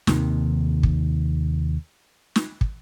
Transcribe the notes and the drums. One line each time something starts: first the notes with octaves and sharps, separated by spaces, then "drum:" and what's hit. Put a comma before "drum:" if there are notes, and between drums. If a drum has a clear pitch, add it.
D#2 C3 D#3, drum: snare
drum: kick
drum: snare
drum: kick